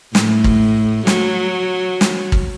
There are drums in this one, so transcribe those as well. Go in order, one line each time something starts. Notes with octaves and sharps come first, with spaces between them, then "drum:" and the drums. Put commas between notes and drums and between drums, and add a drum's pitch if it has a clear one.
A2, drum: snare
drum: kick G#1
F#3, drum: snare
drum: snare
drum: kick G#1